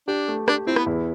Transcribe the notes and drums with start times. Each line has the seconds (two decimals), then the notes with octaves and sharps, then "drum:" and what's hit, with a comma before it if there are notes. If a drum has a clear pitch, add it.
0.08 D4 G4
0.28 A3
0.48 D4 G4, drum: rim click
0.67 C4 E4
0.76 B3, drum: rim click
0.86 E2